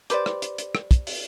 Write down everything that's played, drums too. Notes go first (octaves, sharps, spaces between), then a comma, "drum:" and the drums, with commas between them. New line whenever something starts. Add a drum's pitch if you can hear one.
G4 B4 C5 D5, drum: hi-hat
drum: rim click
drum: hi-hat
drum: hi-hat
drum: rim click
drum: kick, hi-hat
drum: open hi-hat